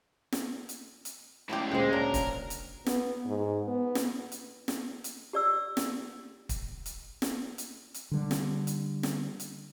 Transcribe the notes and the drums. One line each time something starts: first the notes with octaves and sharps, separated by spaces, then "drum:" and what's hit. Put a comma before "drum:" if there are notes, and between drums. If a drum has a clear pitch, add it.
drum: snare
drum: hi-hat
drum: hi-hat
C#2 A2 G3 A3 G4
D2 A#2 C#3 G#3 C4 G5
F#3 D4 A#4
drum: kick, hi-hat
drum: hi-hat
B3, drum: snare
G#2
B3
drum: snare
drum: hi-hat
drum: snare
drum: hi-hat
G4 D5 E6
drum: snare
drum: kick, hi-hat
drum: hi-hat
drum: snare
drum: hi-hat
drum: hi-hat
D3 G3
drum: snare
drum: hi-hat
drum: snare
drum: hi-hat